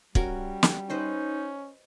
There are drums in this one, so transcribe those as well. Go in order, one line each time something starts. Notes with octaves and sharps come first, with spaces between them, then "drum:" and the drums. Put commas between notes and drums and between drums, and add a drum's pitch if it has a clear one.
G3 C#4 F#4 A#4, drum: kick
drum: snare
C#4 D#4 B4 C5 D#5